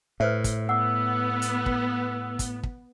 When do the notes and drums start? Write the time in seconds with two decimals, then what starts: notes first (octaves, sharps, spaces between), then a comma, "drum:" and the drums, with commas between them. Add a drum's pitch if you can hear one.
0.20 A2 B4 C5 E5
0.44 drum: kick, hi-hat
0.69 B3 F#5 D6 E6
1.42 drum: hi-hat
1.66 drum: kick
2.39 drum: kick, hi-hat
2.63 drum: kick